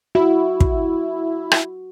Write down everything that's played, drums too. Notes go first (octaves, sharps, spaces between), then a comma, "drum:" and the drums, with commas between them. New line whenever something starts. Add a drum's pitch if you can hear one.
E4 F#4
drum: kick
drum: rim click